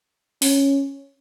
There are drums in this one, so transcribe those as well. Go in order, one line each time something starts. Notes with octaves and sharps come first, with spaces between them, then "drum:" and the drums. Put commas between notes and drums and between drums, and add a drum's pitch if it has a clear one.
C#4, drum: open hi-hat